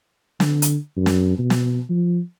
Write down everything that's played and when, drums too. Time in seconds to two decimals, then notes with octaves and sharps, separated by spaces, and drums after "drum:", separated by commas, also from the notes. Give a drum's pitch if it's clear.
0.40 D3, drum: snare
0.62 drum: hi-hat
0.97 F#2
1.06 drum: snare
1.39 B2
1.50 drum: snare
1.89 F3